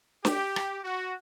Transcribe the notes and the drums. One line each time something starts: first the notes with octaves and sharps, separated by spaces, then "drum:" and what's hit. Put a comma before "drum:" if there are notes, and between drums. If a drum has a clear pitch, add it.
G4, drum: snare
drum: rim click
F#4